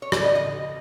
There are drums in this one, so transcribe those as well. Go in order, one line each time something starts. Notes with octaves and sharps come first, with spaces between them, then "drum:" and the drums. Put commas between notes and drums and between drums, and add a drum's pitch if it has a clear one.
C#5
D5, drum: rim click
D#5
D#5